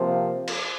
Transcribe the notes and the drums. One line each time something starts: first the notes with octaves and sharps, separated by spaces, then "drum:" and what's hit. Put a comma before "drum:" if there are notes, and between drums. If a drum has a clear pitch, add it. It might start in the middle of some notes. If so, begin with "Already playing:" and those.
Already playing: C3 F3 A#3
drum: cymbal